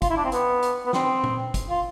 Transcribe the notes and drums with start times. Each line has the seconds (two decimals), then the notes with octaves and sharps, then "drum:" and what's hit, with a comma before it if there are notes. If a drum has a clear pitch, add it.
0.02 F4, drum: kick, hi-hat
0.10 E4
0.17 D4
0.25 C4
0.32 B3, drum: hi-hat
0.63 drum: hi-hat
0.86 B3
0.93 C4, drum: snare
1.24 drum: tom A#2
1.54 drum: kick, hi-hat
1.70 F4